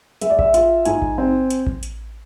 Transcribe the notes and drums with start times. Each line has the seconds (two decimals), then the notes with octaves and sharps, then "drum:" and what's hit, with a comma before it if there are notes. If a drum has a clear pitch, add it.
0.21 G#3 E5, drum: hi-hat
0.30 D5
0.39 E5, drum: kick A1
0.54 F4, drum: hi-hat
0.85 G#2 G#5, drum: hi-hat
1.02 drum: kick A1
1.18 C4
1.50 drum: hi-hat
1.67 drum: kick A1
1.83 drum: hi-hat